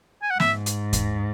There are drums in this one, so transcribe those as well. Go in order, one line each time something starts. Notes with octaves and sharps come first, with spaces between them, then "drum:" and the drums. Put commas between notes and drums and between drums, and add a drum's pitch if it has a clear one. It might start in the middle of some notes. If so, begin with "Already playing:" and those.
G#5
F#5
G#2 E5, drum: snare
drum: hi-hat
drum: kick D#2, hi-hat